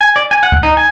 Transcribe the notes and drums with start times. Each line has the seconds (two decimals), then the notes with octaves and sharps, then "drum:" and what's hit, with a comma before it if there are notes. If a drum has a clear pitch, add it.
0.01 G#5
0.16 D5
0.31 G#5
0.43 F#5
0.52 drum: kick C#2
0.63 D#4
0.77 G#5